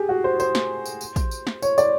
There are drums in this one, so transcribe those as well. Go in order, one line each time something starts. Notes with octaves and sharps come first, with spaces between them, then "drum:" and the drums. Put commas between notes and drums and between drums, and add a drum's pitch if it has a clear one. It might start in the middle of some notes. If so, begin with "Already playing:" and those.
Already playing: G4 G#4
F#4
C5
C5, drum: tambourine
drum: snare
drum: tambourine
drum: tambourine
drum: kick, tambourine
drum: tambourine
drum: snare
C#5, drum: tambourine
D5, drum: tambourine